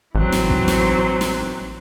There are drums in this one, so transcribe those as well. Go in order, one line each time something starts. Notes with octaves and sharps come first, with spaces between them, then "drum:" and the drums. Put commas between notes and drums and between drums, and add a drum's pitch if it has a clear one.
A1 E3 F#3 C4
drum: snare
drum: kick
drum: snare
drum: snare